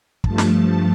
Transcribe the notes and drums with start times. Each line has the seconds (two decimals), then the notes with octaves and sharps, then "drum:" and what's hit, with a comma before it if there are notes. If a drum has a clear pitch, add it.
0.24 G2 F3 A3 A5, drum: kick
0.38 drum: snare